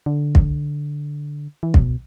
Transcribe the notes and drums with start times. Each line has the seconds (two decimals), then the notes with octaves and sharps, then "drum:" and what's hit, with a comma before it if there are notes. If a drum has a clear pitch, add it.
0.06 D3
0.35 drum: kick
1.63 E3
1.74 C3, drum: kick
1.80 B2